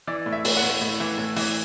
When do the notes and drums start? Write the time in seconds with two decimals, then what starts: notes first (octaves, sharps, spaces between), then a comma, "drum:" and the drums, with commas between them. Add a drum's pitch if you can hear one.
0.07 E3 D5
0.26 A2
0.32 E5
0.45 A2, drum: open hi-hat
0.57 F#5
0.62 A2
0.81 A2
1.00 E3
1.18 A2
1.36 E3, drum: open hi-hat